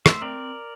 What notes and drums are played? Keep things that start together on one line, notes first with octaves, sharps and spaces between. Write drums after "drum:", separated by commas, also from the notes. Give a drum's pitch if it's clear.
A3 C5 E5, drum: rim click
C4 A#4 D5